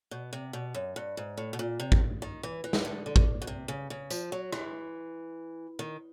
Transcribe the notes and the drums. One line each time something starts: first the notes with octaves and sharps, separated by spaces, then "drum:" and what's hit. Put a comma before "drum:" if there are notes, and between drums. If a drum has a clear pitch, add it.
B2
C3
B2
F#2
G2
G#2
A2
B2
A#2
C3
drum: kick G#1
D#3
E3
E3
drum: snare
D3
D3
drum: kick G#1
B2
C3
C#3
C#3
F3, drum: tambourine
F#3
E3, drum: rim click
D#3